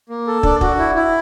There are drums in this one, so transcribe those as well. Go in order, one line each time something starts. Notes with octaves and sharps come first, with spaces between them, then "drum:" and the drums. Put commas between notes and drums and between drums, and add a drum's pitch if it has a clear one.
A#3
A4
D4, drum: kick
F#4, drum: kick
E4
E4